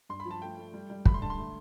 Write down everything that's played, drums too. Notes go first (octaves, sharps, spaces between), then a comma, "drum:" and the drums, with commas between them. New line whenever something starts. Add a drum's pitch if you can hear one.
G2 C6
B5
F3
A5
A3 G5
A3
G3
G3
A3 B5, drum: kick
C6
D3 A5
C6
A3